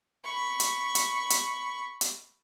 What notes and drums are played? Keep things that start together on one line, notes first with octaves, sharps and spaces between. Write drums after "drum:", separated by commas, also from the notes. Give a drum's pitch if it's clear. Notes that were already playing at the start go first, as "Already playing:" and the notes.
B5 C#6
drum: hi-hat
drum: hi-hat
drum: hi-hat
drum: hi-hat